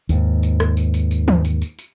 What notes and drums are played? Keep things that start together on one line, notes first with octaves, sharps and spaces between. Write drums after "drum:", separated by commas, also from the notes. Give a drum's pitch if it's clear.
D#2 G#2, drum: tambourine
drum: tambourine
drum: rim click
drum: tambourine
drum: tambourine
drum: tambourine
drum: tom
drum: tambourine
drum: tambourine
drum: tambourine